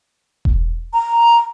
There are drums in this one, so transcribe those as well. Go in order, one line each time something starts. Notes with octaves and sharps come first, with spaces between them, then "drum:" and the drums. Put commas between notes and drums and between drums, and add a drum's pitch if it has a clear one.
drum: kick E1
A#5